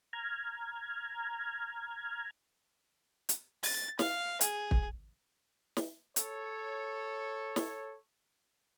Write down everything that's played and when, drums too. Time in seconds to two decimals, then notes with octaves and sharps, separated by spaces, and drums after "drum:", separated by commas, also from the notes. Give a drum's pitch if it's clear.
0.13 A#5 F6 G#6
3.29 drum: hi-hat
3.63 A6, drum: open hi-hat
3.99 F5, drum: snare
4.41 G#4, drum: hi-hat
4.71 drum: kick
5.77 drum: snare
6.16 A4 C#5, drum: hi-hat
7.56 drum: snare